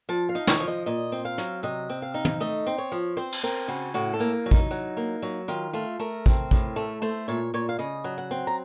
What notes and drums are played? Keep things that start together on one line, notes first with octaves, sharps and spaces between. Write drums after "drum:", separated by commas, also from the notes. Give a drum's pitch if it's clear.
F3 A5
F5
D#4
C#5, drum: snare
F3
D#5
A#2 D#5
C4
F5
F#3, drum: hi-hat
C3 D#5
C4
F5
D#4
drum: tom
A3 D#5
C4
C#5
F3
C4 C5
drum: cymbal
C4 A#4
C#3 F#4
A2 F#4
A4
A#3
F#3
D#4, drum: kick A1
F#3
A#3
F#3
D#3 F4
A3 F4
A3 A#4
C4, drum: kick A1
A2, drum: kick A1
A3
A3 C5
A#2 C#5
A#2 C#5
F5
C#3 D#5
F#3
F#5
C4
A#5